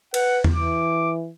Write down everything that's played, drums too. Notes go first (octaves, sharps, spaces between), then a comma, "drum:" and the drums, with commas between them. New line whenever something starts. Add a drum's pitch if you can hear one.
B4 F#5, drum: cymbal
drum: tom E2
E3 D6